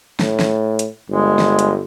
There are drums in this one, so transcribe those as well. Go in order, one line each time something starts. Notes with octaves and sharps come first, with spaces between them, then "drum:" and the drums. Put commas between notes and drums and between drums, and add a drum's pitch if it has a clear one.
A2, drum: snare
drum: snare
drum: hi-hat
G1 G#3
drum: snare
drum: hi-hat